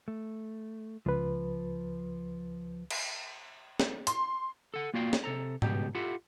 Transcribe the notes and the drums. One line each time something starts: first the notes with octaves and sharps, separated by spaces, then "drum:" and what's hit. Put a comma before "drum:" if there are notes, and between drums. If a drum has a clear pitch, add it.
A3
C#2 F3 B4
drum: cymbal
drum: snare
C6, drum: hi-hat
A4 F#5
A#3 F4 F#4 D5 F5 G5
drum: snare
C3 A4 A#5
C#2 G2 B2 G4, drum: tom G#2
E4 F4 G4 A4 F#5